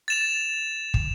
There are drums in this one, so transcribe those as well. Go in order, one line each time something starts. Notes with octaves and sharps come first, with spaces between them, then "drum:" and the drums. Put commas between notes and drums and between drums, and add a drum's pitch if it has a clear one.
A6 E7 F7
drum: kick